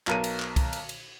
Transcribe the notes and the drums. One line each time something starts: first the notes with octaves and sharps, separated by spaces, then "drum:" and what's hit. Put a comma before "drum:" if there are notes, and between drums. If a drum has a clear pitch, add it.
B1 A#4 D#7, drum: clap
drum: cymbal
drum: clap
drum: kick C2, cymbal
drum: cymbal
drum: cymbal